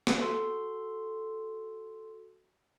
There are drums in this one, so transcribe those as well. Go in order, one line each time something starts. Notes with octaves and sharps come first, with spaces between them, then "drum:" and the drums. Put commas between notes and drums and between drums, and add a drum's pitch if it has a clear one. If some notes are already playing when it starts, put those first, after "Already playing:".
drum: snare
F#4 A4 C6